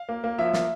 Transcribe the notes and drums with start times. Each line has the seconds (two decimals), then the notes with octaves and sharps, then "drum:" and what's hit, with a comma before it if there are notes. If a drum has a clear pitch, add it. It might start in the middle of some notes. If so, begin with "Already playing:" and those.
Already playing: F5
0.09 A#3
0.24 A#3
0.38 F3 E5
0.53 A#3, drum: snare